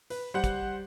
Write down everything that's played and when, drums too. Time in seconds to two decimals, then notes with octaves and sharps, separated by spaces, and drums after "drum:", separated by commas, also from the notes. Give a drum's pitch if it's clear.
0.10 B4, drum: open hi-hat
0.34 G3 C5 F#5
0.44 drum: kick, hi-hat